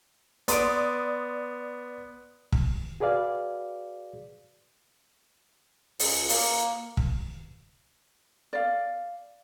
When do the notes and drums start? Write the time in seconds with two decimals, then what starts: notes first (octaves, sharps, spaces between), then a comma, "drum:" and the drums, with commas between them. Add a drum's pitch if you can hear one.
0.48 B3 D5 C6 D#6 D7, drum: hi-hat
2.52 drum: kick
3.00 F#4 G#4 B4 D5 F5
5.99 C#2, drum: open hi-hat
6.29 A#3, drum: open hi-hat
6.97 drum: kick
8.53 D5 F5